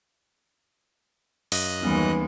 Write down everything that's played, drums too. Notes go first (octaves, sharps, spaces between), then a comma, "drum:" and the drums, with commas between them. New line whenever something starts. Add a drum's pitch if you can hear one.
F#2 D#5 F5 F#6, drum: open hi-hat
D#2 E3 G3 G#3 B3 C#4